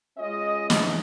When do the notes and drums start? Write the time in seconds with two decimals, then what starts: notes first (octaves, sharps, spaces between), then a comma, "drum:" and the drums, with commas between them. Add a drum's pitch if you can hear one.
0.18 G#3 C#4 F4 D#5
0.70 F2 G#2 C3 E3 G#3 D#4, drum: snare